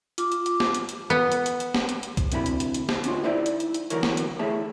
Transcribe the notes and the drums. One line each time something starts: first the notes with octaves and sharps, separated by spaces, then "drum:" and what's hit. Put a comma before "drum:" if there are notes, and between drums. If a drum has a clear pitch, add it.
F4 D6, drum: hi-hat
drum: hi-hat
drum: hi-hat
drum: snare
drum: hi-hat
drum: hi-hat
B3
drum: hi-hat
drum: hi-hat
drum: hi-hat
drum: snare
drum: hi-hat
drum: hi-hat
drum: kick C2, hi-hat
D2 C3 E4 G#4 B5, drum: hi-hat
drum: hi-hat
drum: hi-hat
drum: hi-hat
drum: snare
D2 C#4 F4, drum: hi-hat
D#4 E4 C5 D5 E5
drum: hi-hat
drum: hi-hat
drum: hi-hat
D2 E3 F#3 A#4 C#5, drum: hi-hat
drum: snare
drum: hi-hat
A3 E4 G#4 C#5 E5 A5